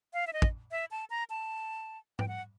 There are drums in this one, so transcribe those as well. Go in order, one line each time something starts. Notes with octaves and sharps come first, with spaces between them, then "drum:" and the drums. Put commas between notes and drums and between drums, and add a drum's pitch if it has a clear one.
F5
E5
D#5
drum: kick
E5
A5
A#5
A5
G5, drum: tom G#2
F#5